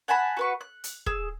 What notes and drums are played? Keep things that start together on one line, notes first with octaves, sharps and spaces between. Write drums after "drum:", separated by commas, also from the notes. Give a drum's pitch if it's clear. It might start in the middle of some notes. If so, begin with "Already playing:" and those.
F#5 G#5 A5 B5
F#4 B4 C#6
F#6
drum: hi-hat
G#4 E6, drum: kick